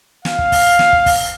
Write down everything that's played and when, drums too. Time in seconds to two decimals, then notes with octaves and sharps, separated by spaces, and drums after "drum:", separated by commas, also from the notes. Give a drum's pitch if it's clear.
0.25 F5, drum: snare
0.38 drum: kick
0.52 drum: kick, open hi-hat
0.79 drum: snare
0.93 drum: kick
1.06 drum: kick, open hi-hat